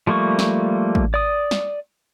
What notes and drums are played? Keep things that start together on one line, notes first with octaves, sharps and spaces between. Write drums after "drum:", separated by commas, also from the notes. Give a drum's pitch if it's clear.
F3 G3 A3 A#3 C#6
drum: snare
drum: kick
D5 D#6
drum: snare